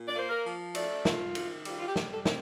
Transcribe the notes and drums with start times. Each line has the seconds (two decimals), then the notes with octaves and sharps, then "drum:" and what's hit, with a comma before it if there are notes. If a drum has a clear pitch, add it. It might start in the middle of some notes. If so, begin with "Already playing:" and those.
Already playing: A#2
0.08 D5
0.14 A#3 C5
0.29 A#4
0.44 F3
0.75 A3 D5, drum: cymbal
1.05 F4, drum: snare
1.35 D#3, drum: cymbal
1.65 G3 F4, drum: cymbal
1.79 F4
1.88 G4
1.96 G3, drum: snare
2.11 A4
2.25 C4, drum: snare